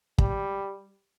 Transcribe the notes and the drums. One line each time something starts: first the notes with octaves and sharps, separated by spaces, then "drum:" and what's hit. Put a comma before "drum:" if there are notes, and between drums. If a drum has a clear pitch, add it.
G3, drum: kick